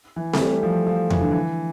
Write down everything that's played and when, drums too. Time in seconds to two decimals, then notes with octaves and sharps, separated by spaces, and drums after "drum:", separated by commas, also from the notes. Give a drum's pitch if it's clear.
0.16 E3
0.33 A3, drum: snare C4
0.40 G3
0.63 F3
0.87 F3
1.10 E3, drum: tom E2
1.21 D3
1.31 E3